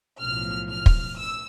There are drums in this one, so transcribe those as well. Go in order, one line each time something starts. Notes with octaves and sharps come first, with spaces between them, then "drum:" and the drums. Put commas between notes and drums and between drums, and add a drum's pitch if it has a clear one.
B1 A2 F3 F6
F6
drum: kick
E6